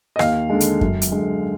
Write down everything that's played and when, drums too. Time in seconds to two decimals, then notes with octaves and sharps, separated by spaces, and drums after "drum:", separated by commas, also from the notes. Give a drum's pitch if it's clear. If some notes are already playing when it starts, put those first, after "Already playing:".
0.16 D#5
0.19 D#2 F5, drum: rim click
0.50 D3 G#3
0.60 drum: hi-hat
0.81 F#2, drum: kick F#2
1.02 drum: hi-hat
1.12 D3 G#3